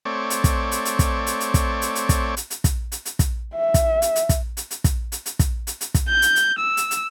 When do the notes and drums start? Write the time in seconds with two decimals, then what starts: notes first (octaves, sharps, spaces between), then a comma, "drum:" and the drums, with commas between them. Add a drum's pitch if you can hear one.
0.05 A3 C4 C#5 D5
0.30 drum: hi-hat
0.44 drum: kick, hi-hat
0.72 drum: hi-hat
0.85 drum: hi-hat
0.99 drum: kick, hi-hat
1.27 drum: hi-hat
1.40 drum: hi-hat
1.54 drum: kick, hi-hat
1.82 drum: hi-hat
1.95 drum: hi-hat
2.09 drum: kick, hi-hat
2.37 drum: hi-hat
2.50 drum: hi-hat
2.64 drum: kick, hi-hat
2.92 drum: hi-hat
3.05 drum: hi-hat
3.19 drum: kick, hi-hat
3.55 E5
3.74 drum: kick, hi-hat
4.02 drum: hi-hat
4.16 drum: hi-hat
4.29 drum: kick, hi-hat
4.57 drum: hi-hat
4.71 drum: hi-hat
4.84 drum: kick, hi-hat
5.12 drum: hi-hat
5.26 drum: hi-hat
5.39 drum: kick, hi-hat
5.67 drum: hi-hat
5.81 drum: hi-hat
5.94 drum: kick, hi-hat
6.08 G6
6.22 drum: hi-hat
6.36 drum: hi-hat
6.58 E6
6.77 drum: hi-hat
6.91 drum: hi-hat